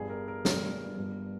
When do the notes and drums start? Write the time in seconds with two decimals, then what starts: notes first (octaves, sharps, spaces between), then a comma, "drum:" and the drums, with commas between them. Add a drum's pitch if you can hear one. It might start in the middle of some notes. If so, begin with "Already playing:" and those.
Already playing: G1 G2 G3 G#4
0.10 A#4
0.28 A#4
0.45 G1 G2 G3, drum: snare
0.96 G1 G2 G3